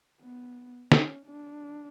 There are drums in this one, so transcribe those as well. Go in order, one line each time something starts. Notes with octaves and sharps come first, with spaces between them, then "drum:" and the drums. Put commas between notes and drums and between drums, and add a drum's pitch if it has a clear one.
B3
C#4, drum: snare
D4